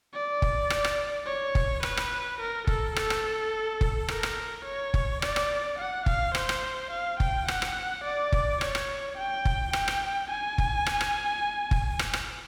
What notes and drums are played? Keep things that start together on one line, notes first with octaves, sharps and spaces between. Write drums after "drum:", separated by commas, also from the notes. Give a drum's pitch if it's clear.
D5
drum: kick F#1
drum: rim click
drum: rim click
C#5
drum: kick F#1
B4, drum: rim click
drum: rim click
A#4
A4, drum: kick F#1
A4, drum: rim click
drum: rim click
drum: kick F#1
A#4, drum: rim click
drum: rim click
C#5
drum: kick F#1
D5, drum: rim click
drum: rim click
F#5
F5, drum: kick F#1
C5, drum: rim click
drum: rim click
F5
G5, drum: kick F#1
F#5, drum: rim click
drum: rim click
D5
drum: kick F#1
C#5, drum: rim click
drum: rim click
G5
drum: kick F#1
G5, drum: rim click
drum: rim click
G#5
drum: kick F#1
drum: rim click
drum: rim click
drum: kick F#1
drum: rim click
drum: rim click